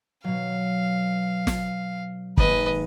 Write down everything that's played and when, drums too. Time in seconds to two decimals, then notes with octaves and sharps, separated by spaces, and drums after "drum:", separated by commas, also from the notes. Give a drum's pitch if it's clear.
0.24 B2 F#3 F5
1.47 drum: snare
2.37 G#1 A#3 B4 D#5, drum: kick